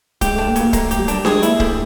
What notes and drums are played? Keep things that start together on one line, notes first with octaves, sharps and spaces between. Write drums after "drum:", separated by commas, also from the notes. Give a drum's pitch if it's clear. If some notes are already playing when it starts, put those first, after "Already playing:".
G#3 G4, drum: kick, hi-hat
A3 D4
A#3
F#3, drum: hi-hat
A#3
A3 A#3, drum: kick, hi-hat
G4, drum: hi-hat
G3
D4, drum: hi-hat
G#3 G#4, drum: snare D4
A#3 E4, drum: hi-hat
G3 A3, drum: kick